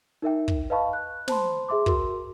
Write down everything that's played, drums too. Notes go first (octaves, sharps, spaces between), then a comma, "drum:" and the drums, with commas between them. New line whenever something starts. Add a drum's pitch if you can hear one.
D#4 A#4 E5 G5
drum: kick
B4 D#5 F5 A5 B5 C#6
F#6
C5 A5 B5 C6, drum: snare
G#4 E5 C6 D6
F#4 A#4 C6, drum: kick